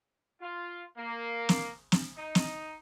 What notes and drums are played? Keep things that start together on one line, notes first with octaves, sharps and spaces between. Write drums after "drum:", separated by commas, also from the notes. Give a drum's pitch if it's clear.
F4
A#3
drum: snare
drum: snare
D#4
drum: snare